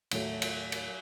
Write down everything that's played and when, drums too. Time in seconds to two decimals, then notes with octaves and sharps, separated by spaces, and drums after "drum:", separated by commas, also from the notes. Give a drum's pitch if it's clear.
0.11 D#2 A2 F#3 A3, drum: cymbal
0.42 drum: cymbal
0.72 drum: cymbal